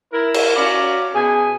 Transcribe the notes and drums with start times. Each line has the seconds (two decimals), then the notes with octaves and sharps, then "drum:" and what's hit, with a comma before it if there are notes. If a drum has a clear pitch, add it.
0.12 E4 A#4
0.34 drum: cymbal
0.56 C#4 F#4 D5 F5 A#5
1.15 B2 G#4 G#5